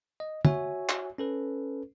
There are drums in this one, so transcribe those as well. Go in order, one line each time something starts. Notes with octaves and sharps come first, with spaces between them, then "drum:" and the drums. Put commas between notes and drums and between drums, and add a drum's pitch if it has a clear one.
D#5
F#4 C#5 E5 G#5, drum: tom
drum: clap
C#4 A4 B4